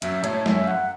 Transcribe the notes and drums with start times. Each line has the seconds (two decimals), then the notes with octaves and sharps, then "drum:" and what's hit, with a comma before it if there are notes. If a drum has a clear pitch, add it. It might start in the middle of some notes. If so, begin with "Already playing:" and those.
0.02 F#2 E5, drum: hi-hat
0.24 A2 C#5, drum: hi-hat
0.46 F#2 E5, drum: snare
0.68 F#5